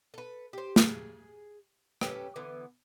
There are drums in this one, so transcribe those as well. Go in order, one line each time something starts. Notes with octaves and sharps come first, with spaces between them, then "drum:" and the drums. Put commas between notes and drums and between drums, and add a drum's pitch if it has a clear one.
A4 B4
G4 C5
G#4, drum: snare
C#4 G4 A4 B4, drum: rim click
D3 E3 B3